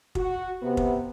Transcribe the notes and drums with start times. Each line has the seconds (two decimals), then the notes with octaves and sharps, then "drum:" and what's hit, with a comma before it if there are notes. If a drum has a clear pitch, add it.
0.15 F#4, drum: kick
0.62 C3 B3
0.77 drum: kick